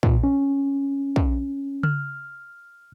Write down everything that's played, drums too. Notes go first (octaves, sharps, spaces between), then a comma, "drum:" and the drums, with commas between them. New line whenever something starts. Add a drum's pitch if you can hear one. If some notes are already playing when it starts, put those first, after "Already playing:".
A#2, drum: kick
C#4
drum: kick
F6, drum: tom C#3